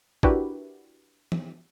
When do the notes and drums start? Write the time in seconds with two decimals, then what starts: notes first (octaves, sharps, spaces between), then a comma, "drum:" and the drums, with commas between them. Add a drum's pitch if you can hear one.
0.23 D4 E4 F#4 G4 A#4 B4, drum: kick
1.32 drum: tom